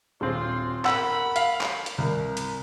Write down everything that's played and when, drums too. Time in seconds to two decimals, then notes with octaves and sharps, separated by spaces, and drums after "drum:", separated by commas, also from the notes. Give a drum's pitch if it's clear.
0.21 D#1 C4 F4 C6
0.85 A#4 F#5 B5 E6, drum: clap
1.36 F5, drum: hi-hat
1.61 drum: clap
1.86 drum: hi-hat
1.98 C2 A#4
2.37 drum: hi-hat